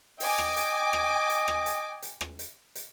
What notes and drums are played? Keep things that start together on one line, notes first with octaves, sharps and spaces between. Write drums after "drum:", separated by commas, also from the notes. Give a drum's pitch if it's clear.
D#5 G5 G#5 D6, drum: open hi-hat
drum: rim click
drum: hi-hat
drum: rim click
drum: hi-hat
drum: rim click
drum: hi-hat
drum: hi-hat
drum: rim click
drum: hi-hat
drum: hi-hat